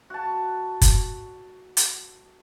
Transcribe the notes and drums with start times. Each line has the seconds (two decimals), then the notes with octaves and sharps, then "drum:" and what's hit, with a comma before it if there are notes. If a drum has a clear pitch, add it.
0.10 F#4 A5
0.81 drum: kick, hi-hat
1.77 drum: hi-hat